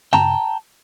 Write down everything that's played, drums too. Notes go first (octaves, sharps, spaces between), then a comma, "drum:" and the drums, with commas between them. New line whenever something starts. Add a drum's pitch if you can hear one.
G5 A5 A#5, drum: tom